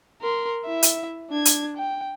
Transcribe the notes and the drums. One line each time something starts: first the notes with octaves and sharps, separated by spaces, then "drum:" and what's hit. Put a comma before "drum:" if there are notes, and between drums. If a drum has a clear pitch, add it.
A#4 C6
E4 E5
drum: hi-hat
D4 G#6
drum: hi-hat
G5